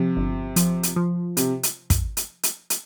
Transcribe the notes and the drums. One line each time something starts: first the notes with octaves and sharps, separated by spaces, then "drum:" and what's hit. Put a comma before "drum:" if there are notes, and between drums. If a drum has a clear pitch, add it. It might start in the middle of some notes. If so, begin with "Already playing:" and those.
Already playing: C3 F3
G1
F3, drum: hi-hat
drum: hi-hat
F3
C3, drum: hi-hat
drum: hi-hat
drum: kick, hi-hat
drum: hi-hat
drum: hi-hat
drum: hi-hat